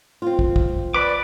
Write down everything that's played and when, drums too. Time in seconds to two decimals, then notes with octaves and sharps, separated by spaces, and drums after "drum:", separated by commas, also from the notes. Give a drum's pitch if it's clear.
0.22 C4 F4
0.39 drum: kick
0.56 drum: kick
0.94 B4 D5 B5 D6